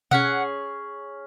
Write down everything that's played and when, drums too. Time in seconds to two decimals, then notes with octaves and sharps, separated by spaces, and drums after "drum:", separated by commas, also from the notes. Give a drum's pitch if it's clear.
0.11 C#4 G#4 F#5, drum: tom B2